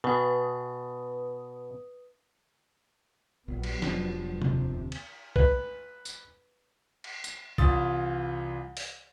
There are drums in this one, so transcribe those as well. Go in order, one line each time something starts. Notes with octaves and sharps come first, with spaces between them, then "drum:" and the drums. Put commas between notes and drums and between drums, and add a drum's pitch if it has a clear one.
B2 B4 D#6
A#1 F#3 G3 B3
drum: cymbal
F1 F3 D4, drum: snare
D#2 C3, drum: tom B2
drum: cymbal
B4, drum: kick B1
drum: tambourine
drum: cymbal
drum: tambourine
C2 E3 F4 C6 D#6 A6, drum: kick B1
drum: open hi-hat